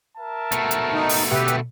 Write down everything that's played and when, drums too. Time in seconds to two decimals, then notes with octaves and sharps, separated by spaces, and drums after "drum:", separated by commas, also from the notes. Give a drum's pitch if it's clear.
0.18 A#4 E5 A5
0.52 B2 A3, drum: hi-hat
0.71 drum: hi-hat
0.93 D#4
1.09 drum: open hi-hat
1.31 G4 B4 E5, drum: tom B2
1.48 drum: hi-hat